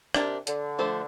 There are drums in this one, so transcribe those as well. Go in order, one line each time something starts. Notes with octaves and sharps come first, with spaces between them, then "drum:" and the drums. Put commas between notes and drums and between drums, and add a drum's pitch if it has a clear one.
C3 D4 G4 A#4, drum: rim click
D3, drum: hi-hat
F3 A3 D4 A4 C5